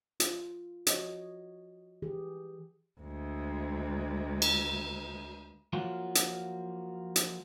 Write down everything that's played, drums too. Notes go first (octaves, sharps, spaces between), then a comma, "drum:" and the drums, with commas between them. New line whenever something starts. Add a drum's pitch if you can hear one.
F4, drum: hi-hat
F3 F#4 C#5 D#5, drum: hi-hat
E3 G4 G#4
D2 G#3
drum: cymbal
F3 F#3 A#3 F4 F#4
drum: hi-hat
drum: hi-hat